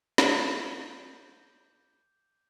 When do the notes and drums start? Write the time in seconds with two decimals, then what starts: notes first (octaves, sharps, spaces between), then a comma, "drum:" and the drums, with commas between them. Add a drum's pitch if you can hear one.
0.18 D6 G6, drum: snare